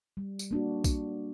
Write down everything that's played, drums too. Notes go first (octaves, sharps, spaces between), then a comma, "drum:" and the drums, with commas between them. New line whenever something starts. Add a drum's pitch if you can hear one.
G3
drum: tambourine
A#3 D4 F#4
drum: kick, tambourine